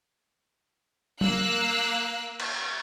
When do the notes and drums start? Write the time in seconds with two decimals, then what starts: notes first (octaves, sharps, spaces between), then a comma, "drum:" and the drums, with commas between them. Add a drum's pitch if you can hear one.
1.21 A#3 F5 E6 F#6, drum: tom
2.40 drum: cymbal